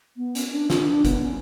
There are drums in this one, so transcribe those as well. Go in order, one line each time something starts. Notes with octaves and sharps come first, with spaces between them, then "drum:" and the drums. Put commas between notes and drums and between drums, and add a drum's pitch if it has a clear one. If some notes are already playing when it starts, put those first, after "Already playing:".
B3
C#4, drum: hi-hat
D4
D4, drum: snare
D4
B3, drum: kick G1, hi-hat
C#4